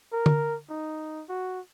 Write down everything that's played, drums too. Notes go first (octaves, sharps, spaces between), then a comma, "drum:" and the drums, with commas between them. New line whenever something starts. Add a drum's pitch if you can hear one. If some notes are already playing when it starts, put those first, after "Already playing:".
A#4
drum: tom
D#4
F#4